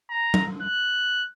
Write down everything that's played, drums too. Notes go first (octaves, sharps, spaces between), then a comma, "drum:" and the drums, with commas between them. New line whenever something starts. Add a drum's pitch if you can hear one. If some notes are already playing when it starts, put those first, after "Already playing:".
A#5
drum: tom
F#6